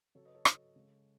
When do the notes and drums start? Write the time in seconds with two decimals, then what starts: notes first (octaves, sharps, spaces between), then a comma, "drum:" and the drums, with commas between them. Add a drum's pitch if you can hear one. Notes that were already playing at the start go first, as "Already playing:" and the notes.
0.15 C#3 F#3 A4 C#5
0.25 B4 D#5
0.35 A4 C#5
0.45 A4 C#5, drum: rim click
0.76 C#3 G#3